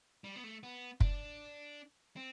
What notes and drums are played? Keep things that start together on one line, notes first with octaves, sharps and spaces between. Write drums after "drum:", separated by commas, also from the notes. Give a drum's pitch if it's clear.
G3
B3
A3
B3
D4, drum: kick
C4